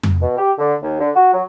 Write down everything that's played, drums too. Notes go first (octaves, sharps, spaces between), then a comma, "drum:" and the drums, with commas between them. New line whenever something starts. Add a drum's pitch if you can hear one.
drum: tom F2
B2
G4
D3
D#2
D3
F#4
F#3